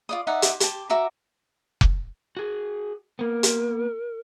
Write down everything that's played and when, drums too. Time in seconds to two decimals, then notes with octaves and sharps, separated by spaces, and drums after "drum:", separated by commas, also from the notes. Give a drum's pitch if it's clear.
0.09 F4 D5 D#6
0.27 D#4 D5 E5 F#5
0.42 drum: hi-hat
0.60 G4 A5, drum: hi-hat
0.90 F#4 E5 A#5 D6
1.81 drum: kick F1
2.37 F#4 G#4
3.19 A#3 B3 A#4
3.43 drum: hi-hat